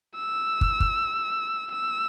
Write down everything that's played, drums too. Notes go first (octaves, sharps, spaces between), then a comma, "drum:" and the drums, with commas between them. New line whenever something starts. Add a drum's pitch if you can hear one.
E6
drum: kick
drum: kick
E6